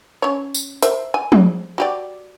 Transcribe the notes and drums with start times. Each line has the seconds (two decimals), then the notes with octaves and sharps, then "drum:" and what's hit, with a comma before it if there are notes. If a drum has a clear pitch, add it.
0.22 C#4 C#5
0.54 drum: tambourine
0.82 A#4 C5 E5, drum: hi-hat
1.14 G#5
1.32 G#4, drum: tom F3
1.78 F#4 G4 D5